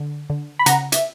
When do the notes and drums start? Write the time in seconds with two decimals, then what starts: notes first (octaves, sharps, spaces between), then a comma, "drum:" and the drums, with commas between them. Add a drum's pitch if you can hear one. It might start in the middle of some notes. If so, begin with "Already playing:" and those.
Already playing: D3
0.30 D3
0.59 B5
0.66 C#3 F#5 A#5, drum: hi-hat
0.92 E5, drum: hi-hat